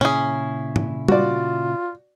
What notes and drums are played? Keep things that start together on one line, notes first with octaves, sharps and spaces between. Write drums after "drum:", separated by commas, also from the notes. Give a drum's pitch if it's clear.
A#2 C#3 C#4 E4 G#4
drum: tom
F4 F#4 D5, drum: tom G3